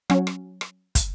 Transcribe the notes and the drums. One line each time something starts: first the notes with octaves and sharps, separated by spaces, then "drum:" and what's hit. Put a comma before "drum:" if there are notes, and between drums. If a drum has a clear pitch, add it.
F#3 C#4, drum: rim click
drum: rim click
drum: rim click
drum: kick, hi-hat